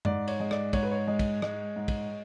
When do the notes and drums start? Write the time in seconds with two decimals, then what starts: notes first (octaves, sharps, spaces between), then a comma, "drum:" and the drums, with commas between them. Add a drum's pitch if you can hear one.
0.05 G#2 D5, drum: tom F#2
0.28 C#5, drum: cymbal
0.40 G#3
0.51 D5, drum: rim click
0.73 G#2 C#5, drum: kick, cymbal
0.83 B4
0.91 C#5
1.07 G#3
1.19 drum: kick, cymbal
1.42 G#3, drum: rim click
1.76 G#2
1.88 drum: kick, cymbal